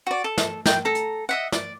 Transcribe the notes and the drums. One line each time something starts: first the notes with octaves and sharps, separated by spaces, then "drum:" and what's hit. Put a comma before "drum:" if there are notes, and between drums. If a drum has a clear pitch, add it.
F#4 D5
A4
drum: snare
G5, drum: snare
A4 A#5
drum: hi-hat
D#5 E5 F#5
D5, drum: snare